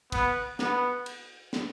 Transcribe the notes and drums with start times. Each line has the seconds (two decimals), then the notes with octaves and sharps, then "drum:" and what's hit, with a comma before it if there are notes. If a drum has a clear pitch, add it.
0.12 B3, drum: kick, cymbal
0.59 B3, drum: snare
1.06 drum: cymbal
1.53 drum: snare